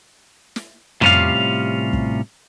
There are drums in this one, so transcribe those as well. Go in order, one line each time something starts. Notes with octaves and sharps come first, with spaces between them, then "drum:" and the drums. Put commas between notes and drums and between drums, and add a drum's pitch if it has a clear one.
drum: snare
A2 C3 G3 C#4 F4 F5, drum: tom
drum: kick